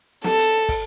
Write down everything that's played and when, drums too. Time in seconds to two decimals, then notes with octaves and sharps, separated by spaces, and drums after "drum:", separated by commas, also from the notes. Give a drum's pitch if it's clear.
0.24 A4, drum: snare
0.39 drum: hi-hat
0.69 drum: kick, open hi-hat